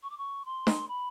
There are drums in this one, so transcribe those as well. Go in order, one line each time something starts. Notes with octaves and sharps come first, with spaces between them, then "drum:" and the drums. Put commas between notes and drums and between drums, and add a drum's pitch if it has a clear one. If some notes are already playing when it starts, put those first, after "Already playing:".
C#6
D6
C#6
C6
drum: snare
B5